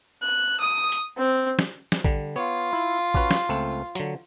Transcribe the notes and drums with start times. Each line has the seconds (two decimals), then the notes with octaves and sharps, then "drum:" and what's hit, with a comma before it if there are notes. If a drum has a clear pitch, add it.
0.22 F#6
0.60 D#6
0.92 drum: hi-hat
1.18 C4
1.59 drum: snare
1.92 drum: snare
2.04 D3 G3, drum: kick
2.36 B3 F4 C#5
2.73 E4
3.14 C#4 F#4 B4, drum: kick
3.31 drum: snare
3.49 C#2 A3 C4
3.95 D3 F#3, drum: hi-hat